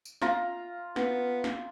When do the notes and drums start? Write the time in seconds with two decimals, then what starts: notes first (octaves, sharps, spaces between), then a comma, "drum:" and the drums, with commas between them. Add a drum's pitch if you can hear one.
0.05 drum: tambourine
0.22 F4 A#5, drum: snare
0.96 B3, drum: snare
1.44 drum: snare